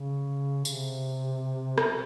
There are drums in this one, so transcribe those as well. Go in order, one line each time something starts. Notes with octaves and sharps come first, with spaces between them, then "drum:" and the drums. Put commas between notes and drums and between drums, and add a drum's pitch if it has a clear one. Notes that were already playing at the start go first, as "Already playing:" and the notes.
Already playing: C#3
C3, drum: tambourine
C3, drum: rim click